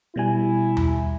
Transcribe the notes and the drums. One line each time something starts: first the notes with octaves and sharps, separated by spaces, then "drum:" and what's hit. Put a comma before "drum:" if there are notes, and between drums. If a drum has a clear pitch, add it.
B2 G3 E4 G#5
drum: tom D#2